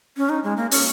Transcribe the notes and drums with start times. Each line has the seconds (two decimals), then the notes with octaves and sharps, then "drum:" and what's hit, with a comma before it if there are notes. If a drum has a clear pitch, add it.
0.17 C#4
0.29 D#4
0.44 G#3
0.57 A#3
0.71 C#4, drum: open hi-hat